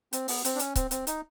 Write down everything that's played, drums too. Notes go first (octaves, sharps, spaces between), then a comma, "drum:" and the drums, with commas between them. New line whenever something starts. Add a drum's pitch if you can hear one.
C4, drum: hi-hat
B3, drum: open hi-hat
C4, drum: hi-hat
D4
C#4, drum: hi-hat
C4, drum: kick C#1, hi-hat
C4, drum: hi-hat
D#4, drum: hi-hat